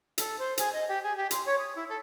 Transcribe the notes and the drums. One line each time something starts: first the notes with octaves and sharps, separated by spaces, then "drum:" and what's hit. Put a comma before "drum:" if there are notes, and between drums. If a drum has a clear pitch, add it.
A4, drum: hi-hat
C5
G#4, drum: hi-hat
D#5
G4
G#4
G4
C6, drum: hi-hat
C#5
D#6
E4
A4